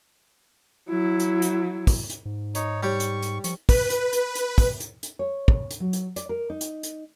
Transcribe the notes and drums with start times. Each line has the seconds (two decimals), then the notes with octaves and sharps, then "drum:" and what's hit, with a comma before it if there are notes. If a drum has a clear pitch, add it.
0.90 F#3 E4
1.20 drum: hi-hat
1.42 drum: hi-hat
1.87 drum: kick, open hi-hat
2.10 drum: hi-hat
2.25 G#2
2.55 D#4 C#5, drum: hi-hat
2.83 G3 G4 C#5 C#6
3.00 drum: hi-hat
3.23 drum: hi-hat
3.44 F3 C#6, drum: hi-hat
3.69 B4, drum: kick, open hi-hat
3.90 drum: hi-hat
4.13 drum: hi-hat
4.35 drum: hi-hat
4.58 drum: kick, open hi-hat
4.80 drum: hi-hat
5.03 drum: hi-hat
5.19 C#5
5.48 drum: kick
5.71 drum: hi-hat
5.80 F#3
5.93 drum: hi-hat
6.16 D5, drum: hi-hat
6.29 A#4
6.50 D#4
6.61 drum: hi-hat
6.83 drum: hi-hat